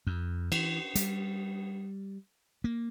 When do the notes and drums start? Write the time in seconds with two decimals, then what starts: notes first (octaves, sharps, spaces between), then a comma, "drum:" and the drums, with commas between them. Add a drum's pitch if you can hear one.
0.07 F2
0.52 E3, drum: cymbal
0.95 G3, drum: hi-hat
2.64 A#3